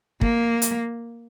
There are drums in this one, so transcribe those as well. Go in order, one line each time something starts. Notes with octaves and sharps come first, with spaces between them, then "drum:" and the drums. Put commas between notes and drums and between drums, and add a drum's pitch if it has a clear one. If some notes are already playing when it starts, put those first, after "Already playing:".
A#3, drum: kick
drum: hi-hat